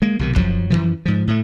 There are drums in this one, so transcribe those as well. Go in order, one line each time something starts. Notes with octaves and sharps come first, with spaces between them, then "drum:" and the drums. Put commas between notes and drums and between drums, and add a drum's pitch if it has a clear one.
G#3 A#3
B1 C3 D#3
F#2 F3 F#3, drum: kick
F#2 C#3 E3 F3
G#2 F3
A2 A3